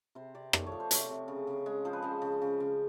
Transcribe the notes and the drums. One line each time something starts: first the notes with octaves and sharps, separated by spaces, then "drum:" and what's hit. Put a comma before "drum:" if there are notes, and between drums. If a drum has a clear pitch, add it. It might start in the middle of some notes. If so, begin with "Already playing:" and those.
C3 C5
C3 D5
A3 D5, drum: rim click
C#5
F3
C5
C3 C#5, drum: hi-hat
C3
C#3
C#3
G#3
F3 C5
B4
C#3 C5
C#3
C#3
C#3